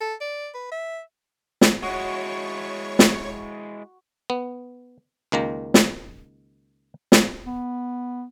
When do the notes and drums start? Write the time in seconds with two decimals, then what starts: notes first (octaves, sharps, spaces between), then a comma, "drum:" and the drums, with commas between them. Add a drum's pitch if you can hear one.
0.01 A4
0.21 D5
0.54 B4
0.72 E5
1.61 drum: snare
1.82 G#3 E4 F#4 C#5 C#6
2.99 drum: snare
4.30 B3
5.32 C#2 D#3 A#3 A#5
5.74 drum: snare
7.12 drum: snare
7.46 B3